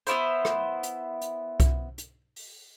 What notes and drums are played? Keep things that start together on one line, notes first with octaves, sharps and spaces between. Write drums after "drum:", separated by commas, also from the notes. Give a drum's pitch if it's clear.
B3 D4 E4 C5, drum: hi-hat
drum: rim click
drum: hi-hat
drum: hi-hat
drum: kick C2, hi-hat
drum: hi-hat
drum: open hi-hat